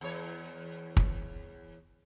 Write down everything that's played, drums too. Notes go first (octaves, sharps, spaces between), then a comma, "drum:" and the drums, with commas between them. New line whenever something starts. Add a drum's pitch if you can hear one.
E2 C#5
drum: kick